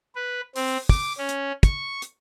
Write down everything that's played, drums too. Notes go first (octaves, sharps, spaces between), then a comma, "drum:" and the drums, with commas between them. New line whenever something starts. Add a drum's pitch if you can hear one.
B4
C4, drum: open hi-hat
D6, drum: kick, open hi-hat
C#4
drum: hi-hat
C#6, drum: kick, hi-hat
drum: hi-hat